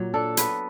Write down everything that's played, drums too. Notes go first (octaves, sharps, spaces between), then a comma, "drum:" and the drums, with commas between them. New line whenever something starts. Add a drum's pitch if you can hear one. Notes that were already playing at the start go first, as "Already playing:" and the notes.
Already playing: A#2 F#3
D4 A4
B3 B4, drum: hi-hat